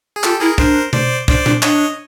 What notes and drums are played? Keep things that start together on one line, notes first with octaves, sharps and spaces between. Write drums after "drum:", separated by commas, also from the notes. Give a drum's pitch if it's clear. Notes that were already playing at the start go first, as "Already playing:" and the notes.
G#4
F4 G4 A4, drum: clap
E4 G#4 A#4
D4 A#4 C5, drum: kick
C5 D5, drum: tom B2
D4 C5 D5, drum: kick
D4, drum: tom A#2
D4 C#5 D#5, drum: clap